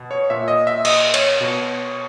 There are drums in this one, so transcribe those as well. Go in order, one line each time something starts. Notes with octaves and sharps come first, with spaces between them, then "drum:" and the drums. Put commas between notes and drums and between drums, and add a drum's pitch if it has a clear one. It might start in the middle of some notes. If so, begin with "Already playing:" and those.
Already playing: B2
C#5
A#2 E5
D#5
E5
D#5, drum: cymbal
C#5, drum: cymbal
B2